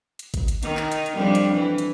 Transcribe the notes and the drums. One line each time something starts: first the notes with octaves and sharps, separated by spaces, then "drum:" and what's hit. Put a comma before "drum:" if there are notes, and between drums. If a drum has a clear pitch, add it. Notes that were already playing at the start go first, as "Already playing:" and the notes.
drum: hi-hat
drum: kick G#1, hi-hat
drum: hi-hat
D#3 D#4, drum: hi-hat
drum: clap
drum: hi-hat
drum: hi-hat
F2 G3 D4
drum: hi-hat
E3
drum: hi-hat